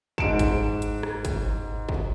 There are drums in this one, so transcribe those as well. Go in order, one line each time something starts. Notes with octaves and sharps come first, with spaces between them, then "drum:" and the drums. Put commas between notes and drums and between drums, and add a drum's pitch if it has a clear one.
G#2 D7 E7, drum: kick
drum: kick, hi-hat
drum: hi-hat
drum: rim click
drum: kick, hi-hat
drum: kick